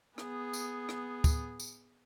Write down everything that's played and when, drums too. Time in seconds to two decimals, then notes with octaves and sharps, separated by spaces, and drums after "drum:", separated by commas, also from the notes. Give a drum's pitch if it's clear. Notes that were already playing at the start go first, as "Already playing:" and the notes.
0.18 B3 G#4, drum: rim click
0.53 drum: tambourine
0.89 drum: rim click
1.24 drum: kick, tambourine
1.60 drum: tambourine